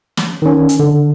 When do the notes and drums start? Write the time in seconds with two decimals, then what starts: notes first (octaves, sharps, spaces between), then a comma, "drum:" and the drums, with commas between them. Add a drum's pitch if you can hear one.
0.17 drum: snare
0.42 D#3 C#4
0.69 drum: hi-hat
0.79 D3